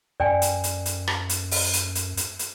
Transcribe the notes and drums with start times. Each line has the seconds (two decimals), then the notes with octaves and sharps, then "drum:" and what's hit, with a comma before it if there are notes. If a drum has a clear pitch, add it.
0.20 F#2 D5 G5 G#5
0.42 drum: hi-hat
0.64 drum: hi-hat
0.86 drum: hi-hat
1.08 drum: rim click
1.29 drum: hi-hat
1.51 drum: open hi-hat
1.73 drum: hi-hat
1.95 drum: hi-hat
2.17 drum: hi-hat
2.39 drum: hi-hat